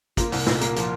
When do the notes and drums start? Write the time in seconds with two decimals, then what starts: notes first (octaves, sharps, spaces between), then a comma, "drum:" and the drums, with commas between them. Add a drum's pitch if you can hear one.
0.17 A#3 F4, drum: kick, hi-hat
0.32 C2, drum: open hi-hat
0.47 A#2 D#4, drum: snare
0.61 A#3, drum: hi-hat
0.76 F3 F4, drum: hi-hat